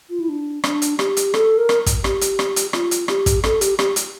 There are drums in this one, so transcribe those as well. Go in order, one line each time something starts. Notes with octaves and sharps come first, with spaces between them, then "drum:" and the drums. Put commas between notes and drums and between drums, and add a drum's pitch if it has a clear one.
F4
E4
D4
D4, drum: rim click
drum: hi-hat
G4, drum: rim click
drum: hi-hat
A4, drum: rim click
A#4
drum: rim click
drum: kick, hi-hat
G4, drum: rim click
drum: hi-hat
drum: rim click
drum: hi-hat
F4, drum: rim click
drum: hi-hat
G4, drum: rim click
drum: kick, hi-hat
A4, drum: rim click
G4, drum: hi-hat
G4, drum: rim click
drum: hi-hat